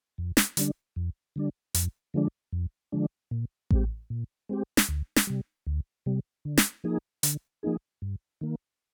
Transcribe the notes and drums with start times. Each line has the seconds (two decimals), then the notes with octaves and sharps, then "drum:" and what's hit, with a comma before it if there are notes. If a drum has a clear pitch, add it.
0.18 F2
0.37 drum: snare
0.57 D3 G3 D4, drum: hi-hat
0.96 F2
1.36 D3 G3 D4
1.75 F2, drum: hi-hat
2.14 D3 F3 G#3 D4
2.53 F2
2.92 D3 F3 G#3 D4
3.31 A#2
3.71 G#3 C4 G4, drum: kick A1
4.10 A#2
4.49 G#3 C4 G4
4.77 drum: snare
4.89 D2
5.16 drum: snare
5.27 C3 G3
5.67 D2
6.06 C3 G3
6.45 D3
6.57 drum: snare
6.84 F3 A#3 D#4 G#4
7.23 D3, drum: hi-hat
7.63 F3 A#3 D#4 G#4
8.02 G2
8.41 D#3 A#3